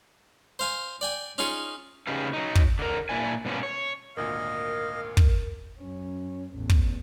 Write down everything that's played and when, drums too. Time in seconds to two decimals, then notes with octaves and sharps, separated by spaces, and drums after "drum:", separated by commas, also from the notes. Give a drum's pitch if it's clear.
0.59 C5 F5 G#5
1.01 D5 G5 G#5
1.38 C#4 D#4 F4 G#4 C#5
2.07 C#3 C#4 D#4 G4 B4 F5
2.33 F#3 D#4
2.55 drum: kick
2.79 D3 A#4
3.09 A#2 D4 E4 G#5
3.45 G#2 B2 B3 C#4 D4 F4
3.63 C#5
4.17 G#1 D2 A#2 A#4 D#5 F5
5.17 drum: kick
5.80 F#2 C#4
6.54 A1 E2
6.70 drum: kick